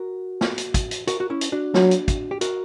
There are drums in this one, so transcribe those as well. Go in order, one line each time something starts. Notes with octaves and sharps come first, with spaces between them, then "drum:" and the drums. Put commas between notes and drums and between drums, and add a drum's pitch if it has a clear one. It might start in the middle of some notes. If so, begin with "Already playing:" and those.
Already playing: F#4 A#4
drum: snare
drum: hi-hat
drum: kick, hi-hat
drum: hi-hat
F#4 A#4, drum: hi-hat
F#4
C#4 E4
drum: hi-hat
D4 F#4
F#3, drum: snare
drum: hi-hat
drum: kick, hi-hat
G4
F#4 A#4, drum: hi-hat